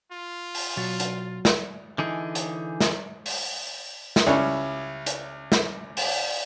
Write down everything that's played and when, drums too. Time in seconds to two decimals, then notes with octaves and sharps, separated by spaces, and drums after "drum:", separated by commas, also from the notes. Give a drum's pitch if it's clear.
0.12 F4
0.55 drum: open hi-hat
0.77 B2 F#3 A6
1.00 drum: hi-hat
1.45 drum: snare
1.98 D3 E3 D#4 G#4
2.35 drum: hi-hat
2.81 drum: snare
3.26 drum: open hi-hat
4.16 drum: snare
4.27 C#2 G3 C#4 E4 C#5
5.06 drum: hi-hat
5.52 drum: snare
5.97 drum: open hi-hat